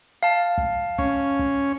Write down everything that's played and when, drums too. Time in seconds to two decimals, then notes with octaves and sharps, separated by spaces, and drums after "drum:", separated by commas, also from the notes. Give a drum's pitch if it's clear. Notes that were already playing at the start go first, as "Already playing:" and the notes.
0.23 F5 A5
0.58 drum: kick
0.98 C#4, drum: kick
1.39 drum: kick